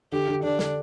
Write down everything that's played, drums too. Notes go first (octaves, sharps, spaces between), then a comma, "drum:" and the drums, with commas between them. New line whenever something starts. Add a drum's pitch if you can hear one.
D3 G4
D3
D3 D4
D3, drum: snare